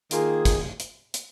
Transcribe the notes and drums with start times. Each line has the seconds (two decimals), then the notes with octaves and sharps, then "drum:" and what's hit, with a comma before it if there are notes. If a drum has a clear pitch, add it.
0.11 D#3 A#3 F4 G#4, drum: hi-hat
0.45 drum: kick, hi-hat
0.80 drum: hi-hat
1.14 drum: hi-hat